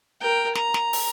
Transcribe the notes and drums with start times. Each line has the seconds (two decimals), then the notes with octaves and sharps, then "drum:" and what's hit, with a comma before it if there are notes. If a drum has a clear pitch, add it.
0.20 A#4 G5
0.55 A#5, drum: snare
0.74 drum: snare
0.93 drum: open hi-hat